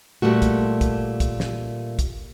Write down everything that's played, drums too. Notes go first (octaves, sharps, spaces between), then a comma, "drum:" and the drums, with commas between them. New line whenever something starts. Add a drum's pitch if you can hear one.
A#2 G3 A3 F#4
drum: kick, hi-hat
drum: kick, hi-hat
drum: kick, hi-hat
drum: snare
drum: kick, hi-hat